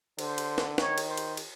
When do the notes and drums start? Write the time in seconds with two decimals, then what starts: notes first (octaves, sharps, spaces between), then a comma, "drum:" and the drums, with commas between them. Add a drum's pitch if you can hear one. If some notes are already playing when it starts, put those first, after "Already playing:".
0.19 D3 C5, drum: cymbal
0.38 drum: cymbal
0.58 drum: snare
0.78 D#3 C#5, drum: snare
0.98 drum: cymbal
1.08 C5
1.18 drum: cymbal
1.37 drum: cymbal